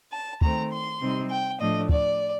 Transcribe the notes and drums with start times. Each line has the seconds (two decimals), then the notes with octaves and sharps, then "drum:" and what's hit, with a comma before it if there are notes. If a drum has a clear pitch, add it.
0.12 A5
0.41 D#3 A3 C4 A#5, drum: kick
0.71 C6
1.01 C3 G3 C4 D#4
1.30 G5
1.60 A2 F3 A3 D4 D#5
1.89 D5, drum: kick